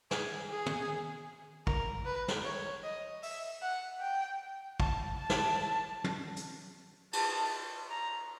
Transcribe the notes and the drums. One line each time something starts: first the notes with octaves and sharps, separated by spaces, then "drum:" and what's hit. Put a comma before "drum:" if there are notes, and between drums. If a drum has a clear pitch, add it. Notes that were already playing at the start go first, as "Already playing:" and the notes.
G#4, drum: snare
G#4
drum: tom
A#4, drum: kick
B4
drum: snare
C#5
D#5
E5, drum: open hi-hat
F#5
G5
A5, drum: kick
A5
drum: snare
drum: tom
drum: hi-hat
A5, drum: cymbal
drum: open hi-hat
A#5